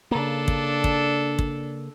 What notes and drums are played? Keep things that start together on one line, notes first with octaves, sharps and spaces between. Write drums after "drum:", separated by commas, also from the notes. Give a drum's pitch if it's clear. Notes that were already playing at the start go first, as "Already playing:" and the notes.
C#3 A#3 D4 A4
drum: kick
drum: kick
drum: kick